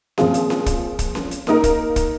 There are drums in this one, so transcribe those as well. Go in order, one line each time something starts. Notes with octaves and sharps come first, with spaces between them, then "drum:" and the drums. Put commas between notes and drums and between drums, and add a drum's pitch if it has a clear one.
A#2 F3 C4 F4 G#4, drum: snare C#4
drum: hi-hat
drum: snare C#4
drum: kick, hi-hat
drum: kick, hi-hat
drum: snare C#4
drum: hi-hat
A#3 D#4 A#4, drum: snare C#4
drum: kick, hi-hat
drum: kick, hi-hat